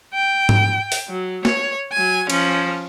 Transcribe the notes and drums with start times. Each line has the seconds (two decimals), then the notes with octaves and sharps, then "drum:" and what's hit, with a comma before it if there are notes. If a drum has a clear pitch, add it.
0.14 G5
0.49 drum: tom G#2
0.92 drum: open hi-hat
1.09 F#3
1.45 C#5, drum: snare
1.93 F#3 G#5
2.30 F3 C#4, drum: cymbal